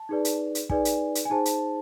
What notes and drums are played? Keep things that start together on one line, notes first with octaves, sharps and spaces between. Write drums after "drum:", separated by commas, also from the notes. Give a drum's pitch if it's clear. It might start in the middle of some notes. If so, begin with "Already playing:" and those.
Already playing: A5
D#4 G#4 B4 D5
drum: hi-hat
drum: hi-hat
D#4 G#4 B4 D5 G#5, drum: kick
drum: hi-hat
drum: hi-hat
G#5
D#4 G#4 C5 A5
drum: hi-hat